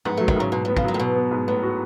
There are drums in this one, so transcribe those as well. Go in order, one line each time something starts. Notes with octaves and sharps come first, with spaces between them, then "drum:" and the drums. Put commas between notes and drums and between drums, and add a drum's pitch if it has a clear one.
G#2 B3, drum: tom G#2
F#3 A3
D#3, drum: kick
G#2 C#3
G#2 B2
A2 B3
C#3, drum: kick
D#3 F#3
A2
B2 B3
B3
G#2
A2 B3
F#4